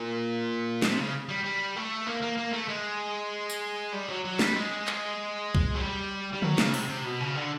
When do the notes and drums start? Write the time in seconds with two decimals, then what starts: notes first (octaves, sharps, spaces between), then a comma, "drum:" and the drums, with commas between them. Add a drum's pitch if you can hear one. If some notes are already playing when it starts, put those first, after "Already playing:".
Already playing: A#2
0.82 C3, drum: snare
0.97 C#3
1.29 G3
1.44 G3
1.76 A3
2.07 A#3
2.22 A#3
2.38 A#3
2.53 A3
2.69 G#3
3.50 drum: tambourine
3.93 G3
4.09 F#3
4.25 F#3
4.39 G3, drum: snare
4.55 G#3
4.87 drum: clap
5.55 drum: kick B1
5.76 F#3
5.80 G3
6.33 G3
6.42 F#3, drum: tom D3
6.58 C#3, drum: snare
6.74 C3, drum: open hi-hat
6.89 C3
7.04 B2
7.20 C#3
7.36 D3